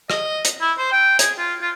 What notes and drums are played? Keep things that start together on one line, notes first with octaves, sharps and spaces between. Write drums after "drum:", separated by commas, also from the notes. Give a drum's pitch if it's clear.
D#5, drum: rim click
drum: hi-hat
E4
C5
G5
G#4, drum: hi-hat
F4
F4